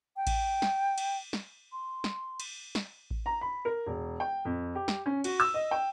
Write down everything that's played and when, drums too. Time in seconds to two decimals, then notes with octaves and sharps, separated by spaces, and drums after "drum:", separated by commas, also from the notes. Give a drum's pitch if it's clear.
0.17 G5
0.27 drum: kick A1, cymbal
0.62 drum: snare
0.98 drum: cymbal
1.33 drum: snare
1.72 C6
2.04 drum: snare
2.40 drum: cymbal
2.75 drum: snare
3.11 drum: kick A1
3.26 A#5
3.41 B5
3.65 A#4
3.86 E1
4.20 G5
4.45 F2
4.75 G4
4.88 drum: snare
5.06 C#4
5.24 F#4, drum: cymbal
5.40 E6
5.54 D#5
5.71 G5